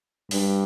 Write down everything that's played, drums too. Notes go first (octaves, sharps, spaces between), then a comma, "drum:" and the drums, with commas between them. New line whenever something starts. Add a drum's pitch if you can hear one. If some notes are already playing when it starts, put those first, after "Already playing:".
G2, drum: open hi-hat